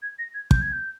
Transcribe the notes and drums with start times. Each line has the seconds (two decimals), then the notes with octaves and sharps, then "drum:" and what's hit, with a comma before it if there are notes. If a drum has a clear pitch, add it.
0.02 G#6
0.19 A#6
0.34 G#6
0.51 G6, drum: kick
0.62 G#6
0.73 G6